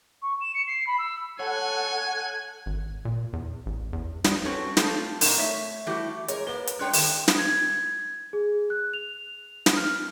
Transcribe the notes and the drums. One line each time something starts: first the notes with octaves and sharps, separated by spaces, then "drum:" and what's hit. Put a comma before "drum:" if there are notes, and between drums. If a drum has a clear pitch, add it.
C#6
E7
C#7
C7
B5
E6
A4 C#5 F#5 G#5
G#1
A#2
E2
A1
E2
G3, drum: snare
C4 C#4 F#4 A4 B4 C#5
A3 F4 G4 A4, drum: snare
F#2 A#2 C4 D#4 A#4 A#5, drum: open hi-hat
A3 C#5 E5
E3 G3 A3 E4 F#4 G4
G#3 A#4 C#5, drum: hi-hat
A#3 B4 G7
drum: hi-hat
G3 D4 C#5 G5 C6 F#6
D3 G3 A3, drum: open hi-hat
drum: snare
G#6
G#4
F#6
F7
drum: snare
F6